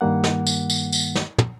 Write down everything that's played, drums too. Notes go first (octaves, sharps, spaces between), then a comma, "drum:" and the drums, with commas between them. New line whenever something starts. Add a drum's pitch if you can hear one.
G2 D#3 G3 A#3 F#5
drum: snare
drum: tambourine
drum: tambourine
drum: tambourine
drum: snare
drum: tom